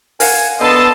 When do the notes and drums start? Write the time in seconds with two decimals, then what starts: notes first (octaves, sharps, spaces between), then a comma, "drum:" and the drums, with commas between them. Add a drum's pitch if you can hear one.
0.20 A#4 F5 F#5 G#5, drum: open hi-hat
0.61 D3 B3 A4 D#5 A5 C6